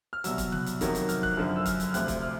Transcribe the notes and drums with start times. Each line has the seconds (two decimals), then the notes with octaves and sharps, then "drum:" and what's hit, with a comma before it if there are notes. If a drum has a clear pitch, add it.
0.13 F6
0.24 C2 B2 F#3 E6, drum: hi-hat
0.38 drum: kick, hi-hat
0.52 F#6, drum: tom
0.66 drum: hi-hat
0.81 F2 C3 D#3 F#3, drum: kick, hi-hat
0.95 drum: hi-hat
1.09 F6, drum: hi-hat
1.23 F#6, drum: kick
1.37 F#2 D3 F3 F6
1.56 E6
1.66 F6, drum: kick, hi-hat
1.80 drum: hi-hat
1.94 D2 C3 F3 F#6, drum: hi-hat
2.08 drum: kick, hi-hat
2.22 F6